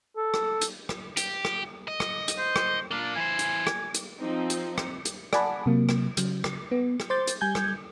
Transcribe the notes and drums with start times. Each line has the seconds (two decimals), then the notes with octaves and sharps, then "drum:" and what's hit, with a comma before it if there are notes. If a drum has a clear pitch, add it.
0.17 A4
0.34 drum: rim click
0.61 drum: hi-hat
0.89 drum: rim click
1.17 G4, drum: hi-hat
1.45 drum: rim click
1.88 D#5
2.00 drum: rim click
2.28 drum: hi-hat
2.38 C5
2.56 drum: rim click
2.91 A#3 D4 F4
3.16 E3 C5 G#5
3.39 drum: hi-hat
3.67 drum: rim click
3.94 drum: hi-hat
4.18 F3 C4 D#4
4.50 drum: hi-hat
4.78 drum: rim click
5.05 drum: hi-hat
5.33 D5 F#5 G#5 A5 B5, drum: rim click
5.66 C3 F#3 A#3
5.89 drum: rim click
6.17 C#3 F#3, drum: hi-hat
6.44 drum: rim click
6.71 B3
7.00 drum: rim click
7.10 C5 C6 D6 G6 A6
7.27 drum: hi-hat
7.41 G3 G#5 G6 G#6
7.55 drum: rim click